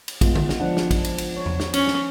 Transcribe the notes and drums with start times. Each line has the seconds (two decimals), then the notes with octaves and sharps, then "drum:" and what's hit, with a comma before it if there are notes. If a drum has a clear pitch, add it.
0.08 drum: cymbal
0.21 G#3 B3 F4, drum: kick, cymbal
0.35 drum: tom D3
0.49 drum: snare
0.60 F3 D4 F#5
0.77 drum: snare
0.91 drum: kick, cymbal
1.04 drum: cymbal
1.18 drum: cymbal
1.37 C#5
1.46 drum: tom E2
1.60 drum: snare
1.73 C#4, drum: cymbal
1.87 drum: snare